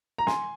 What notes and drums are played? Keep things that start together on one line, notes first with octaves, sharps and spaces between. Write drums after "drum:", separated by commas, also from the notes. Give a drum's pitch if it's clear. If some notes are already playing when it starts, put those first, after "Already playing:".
A#5
G#5 C6, drum: snare